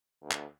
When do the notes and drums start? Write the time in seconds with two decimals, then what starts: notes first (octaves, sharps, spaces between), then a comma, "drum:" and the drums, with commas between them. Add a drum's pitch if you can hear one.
0.21 D2
0.31 drum: clap